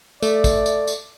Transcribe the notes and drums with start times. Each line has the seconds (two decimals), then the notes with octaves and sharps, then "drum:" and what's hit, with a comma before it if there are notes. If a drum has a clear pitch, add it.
0.23 A3 D5, drum: tambourine
0.44 drum: kick, tambourine
0.66 drum: tambourine
0.87 drum: tambourine